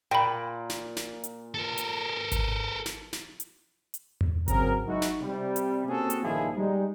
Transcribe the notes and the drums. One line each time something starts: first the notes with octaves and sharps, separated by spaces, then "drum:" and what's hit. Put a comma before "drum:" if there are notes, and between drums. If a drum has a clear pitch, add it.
A#2 G5 B5
drum: snare
drum: snare
drum: hi-hat
A4 A#4
drum: hi-hat
drum: kick G#1, hi-hat
drum: snare
drum: snare
drum: hi-hat
drum: hi-hat
drum: tom E2
C#3 F#3 C4 G#4 A#4, drum: kick G#1, hi-hat
F#3 G#3 D#4 E4 F#4
drum: snare
C3 G3
drum: hi-hat
A#3 C4 C#4 F#4 G#4 A4
drum: hi-hat
A#1 G2 D#3 F3 E4 G#4
G3 G#3 D#4